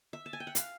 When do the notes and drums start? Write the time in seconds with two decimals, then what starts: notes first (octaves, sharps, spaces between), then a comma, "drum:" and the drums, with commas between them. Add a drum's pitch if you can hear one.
0.13 E5
0.26 A5
0.33 G#5
0.40 G5
0.47 F#5
0.55 F5, drum: hi-hat